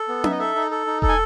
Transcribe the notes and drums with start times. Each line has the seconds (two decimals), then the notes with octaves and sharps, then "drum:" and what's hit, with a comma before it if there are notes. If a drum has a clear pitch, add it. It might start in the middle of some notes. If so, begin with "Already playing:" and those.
Already playing: A4
0.08 B3
0.24 D#4 E5, drum: tom C#4
0.31 D#5
0.39 A4 E5
0.56 D#4
0.71 A4
0.87 D#4
1.02 A4, drum: kick E1
1.08 G#5